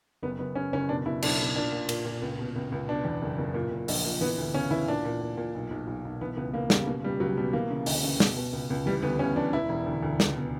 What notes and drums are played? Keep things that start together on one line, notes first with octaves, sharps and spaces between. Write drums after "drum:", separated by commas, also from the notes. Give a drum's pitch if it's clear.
F#1 B3
F#1 B3
F#1 C#4
F#1 C#4
B2 D4
B2 E4
B1 D4, drum: cymbal
B2
A#2 D4
A#2
A#2, drum: cymbal
A#2
C#2
B2
C#2
C#2
B2 D4
E2
F#1
F#1
A#2
A#2
A#1, drum: open hi-hat
A#2
E3 B3
D2
C#3 C#4
E3 E4
A#2 D4
A#2
A#2
A#2
B1
B1
B1
B1
E3 B3
C#2 B3
C#2 A#3
C#3 G3, drum: snare
B2 A#3
C#2 G3
C#2 F#3
B2 G3
E3 A#3
C#3
D2, drum: open hi-hat
C#3
B2, drum: snare
B2
C#2
C#2
E3 G3
D2 B3
D2 C#4
E3 D4
E1 E4
E1
D2
D2
C#2, drum: snare
B2